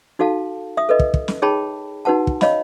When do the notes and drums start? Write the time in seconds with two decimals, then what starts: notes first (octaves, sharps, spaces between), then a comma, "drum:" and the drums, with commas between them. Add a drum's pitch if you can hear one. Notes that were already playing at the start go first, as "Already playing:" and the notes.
0.19 D#4 F#4 A4 F5 A5
0.77 E5 D#6
0.89 A4 B4 D#5
0.99 drum: kick
1.14 drum: kick
1.28 drum: snare
1.42 D#4 G#4 C#5 G5 A5 B5
2.05 D#4 F#4 B4 F#5 A5
2.27 drum: kick
2.41 C#5 D#5 F5 B5, drum: snare